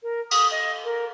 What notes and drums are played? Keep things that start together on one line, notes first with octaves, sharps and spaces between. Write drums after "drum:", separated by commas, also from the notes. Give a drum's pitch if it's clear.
A#4
D#6, drum: cymbal
D#5
A#4